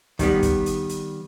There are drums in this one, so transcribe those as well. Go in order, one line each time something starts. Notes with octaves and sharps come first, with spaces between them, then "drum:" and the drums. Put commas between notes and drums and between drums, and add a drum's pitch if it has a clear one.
D#3 G3 B3, drum: kick, hi-hat
drum: kick, hi-hat
drum: hi-hat
drum: hi-hat